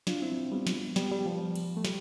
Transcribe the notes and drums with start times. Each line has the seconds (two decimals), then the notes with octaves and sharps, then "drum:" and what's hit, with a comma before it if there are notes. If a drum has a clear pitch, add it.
0.07 D4 F4, drum: snare
0.22 C4 E4
0.52 G3 B3
0.67 drum: snare
0.96 G3 B3, drum: snare
1.11 G3
1.26 F3
1.40 G3
1.56 drum: cymbal
1.77 A3
1.85 G3, drum: snare